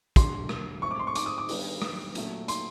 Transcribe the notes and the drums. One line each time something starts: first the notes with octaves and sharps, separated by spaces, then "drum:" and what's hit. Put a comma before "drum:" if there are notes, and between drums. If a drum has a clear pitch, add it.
D3 F#3 A3 D4 C6, drum: kick, hi-hat
drum: rim click
G#2 F3 A3 C4 C#6
D6
C6
C#6
D6, drum: hi-hat
D#6
D6
D#3 G3 B3 D4 G4, drum: open hi-hat
drum: rim click
A#2 F#3 A3, drum: hi-hat
C6, drum: hi-hat